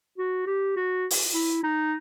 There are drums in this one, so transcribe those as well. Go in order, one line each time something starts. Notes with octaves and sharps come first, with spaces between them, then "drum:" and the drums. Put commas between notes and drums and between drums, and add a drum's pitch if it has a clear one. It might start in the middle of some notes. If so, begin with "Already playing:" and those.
F#4
G4
F#4
drum: open hi-hat
E4
D#4